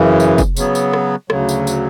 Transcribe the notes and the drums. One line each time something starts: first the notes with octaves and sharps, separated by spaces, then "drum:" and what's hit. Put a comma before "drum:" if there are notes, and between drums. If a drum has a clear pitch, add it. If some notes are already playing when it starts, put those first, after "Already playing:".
Already playing: F#2 C#3 E3
drum: tambourine
drum: kick, tambourine
C#3 F#3 B3, drum: tambourine
drum: tambourine
drum: rim click
D2 C#3 F#3, drum: rim click
drum: tambourine
drum: tambourine